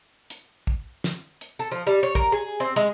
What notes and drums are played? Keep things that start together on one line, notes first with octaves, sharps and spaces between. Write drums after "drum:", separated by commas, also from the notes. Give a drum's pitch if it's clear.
drum: hi-hat
drum: kick
drum: snare
drum: hi-hat
A4
F3
G3
C#5
A#4, drum: kick
G#4
C4
G#3